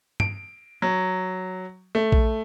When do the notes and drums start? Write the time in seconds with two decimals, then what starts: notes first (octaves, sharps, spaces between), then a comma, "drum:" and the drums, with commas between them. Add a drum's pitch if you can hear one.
0.20 D7, drum: tom G2
0.82 F#3
1.95 A3
2.12 drum: kick A#1